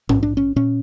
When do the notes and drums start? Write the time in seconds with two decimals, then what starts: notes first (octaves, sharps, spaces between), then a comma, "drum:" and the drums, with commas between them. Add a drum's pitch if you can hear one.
0.09 A#1 C#4, drum: tom G#2
0.23 D4
0.37 C#4
0.56 A#2 C#4